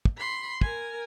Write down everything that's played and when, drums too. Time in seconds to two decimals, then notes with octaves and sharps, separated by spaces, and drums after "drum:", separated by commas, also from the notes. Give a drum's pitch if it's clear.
0.05 drum: kick
0.18 B5 C6
0.61 A#4 G#5, drum: kick